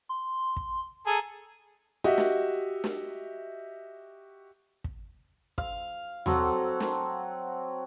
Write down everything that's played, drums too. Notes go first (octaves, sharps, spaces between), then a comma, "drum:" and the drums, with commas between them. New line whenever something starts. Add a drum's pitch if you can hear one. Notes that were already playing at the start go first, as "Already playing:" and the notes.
C6
drum: kick
G#4 A4 A#5
F#4 G4 D#5 E5
drum: snare
drum: snare
drum: kick
F5, drum: kick
F#3 C4 A4 F#5, drum: tom D#2
drum: snare